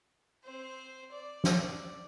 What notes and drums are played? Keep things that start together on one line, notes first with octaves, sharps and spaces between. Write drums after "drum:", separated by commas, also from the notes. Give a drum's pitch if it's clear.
C4 C5
D5
drum: snare